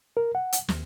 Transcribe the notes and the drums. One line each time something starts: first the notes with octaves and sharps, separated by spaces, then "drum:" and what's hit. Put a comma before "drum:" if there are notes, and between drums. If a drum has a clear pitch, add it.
A#4
F#5
drum: hi-hat
D#2, drum: snare